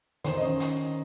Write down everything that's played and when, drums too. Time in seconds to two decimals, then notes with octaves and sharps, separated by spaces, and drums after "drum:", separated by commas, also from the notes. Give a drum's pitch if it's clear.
0.24 D#3 C5, drum: hi-hat
0.37 D#5
0.42 C#4
0.60 drum: hi-hat